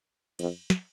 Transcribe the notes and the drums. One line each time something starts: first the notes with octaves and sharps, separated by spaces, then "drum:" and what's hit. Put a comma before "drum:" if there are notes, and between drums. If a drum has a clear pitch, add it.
F2, drum: cymbal
drum: snare